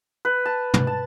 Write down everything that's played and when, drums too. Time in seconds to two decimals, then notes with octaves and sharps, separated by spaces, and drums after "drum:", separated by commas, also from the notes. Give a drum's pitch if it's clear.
0.25 B4
0.46 A5
0.74 drum: tom
0.87 A5